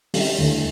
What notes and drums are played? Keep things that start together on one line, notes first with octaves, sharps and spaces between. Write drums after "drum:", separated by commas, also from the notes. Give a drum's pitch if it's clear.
G3 C#4 E4, drum: open hi-hat
D2